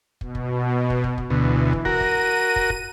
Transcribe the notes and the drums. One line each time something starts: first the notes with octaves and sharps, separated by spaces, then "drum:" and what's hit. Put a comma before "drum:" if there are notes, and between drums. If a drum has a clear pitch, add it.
B2, drum: kick
drum: kick
drum: kick
drum: kick
drum: kick
D2 B2 E3
drum: kick
F#4 A#4 D#7, drum: kick
drum: kick
drum: kick
drum: kick